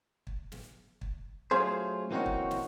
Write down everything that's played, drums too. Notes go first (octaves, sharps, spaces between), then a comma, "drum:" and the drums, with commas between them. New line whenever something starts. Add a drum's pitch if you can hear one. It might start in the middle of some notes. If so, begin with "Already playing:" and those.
drum: kick
drum: snare
drum: kick
F#3 A3 C#4 F4 G#4 C5
E3 A#3 C4 C#4 D#4 F#4
drum: kick
drum: snare